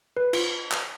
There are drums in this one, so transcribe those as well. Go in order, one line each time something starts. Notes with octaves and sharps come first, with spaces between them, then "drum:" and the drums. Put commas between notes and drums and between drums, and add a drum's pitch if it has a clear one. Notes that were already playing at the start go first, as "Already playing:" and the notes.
B4
F4, drum: cymbal
E6, drum: clap